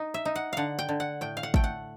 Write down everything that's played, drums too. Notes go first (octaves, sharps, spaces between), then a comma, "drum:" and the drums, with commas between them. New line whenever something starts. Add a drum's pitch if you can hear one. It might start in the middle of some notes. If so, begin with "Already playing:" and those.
Already playing: D#4
E5
D#4
F#5
D3 F5 F#5
G5
D3
F#5
A2 G5
F5
F#5
A3 G5, drum: kick G#1
F#5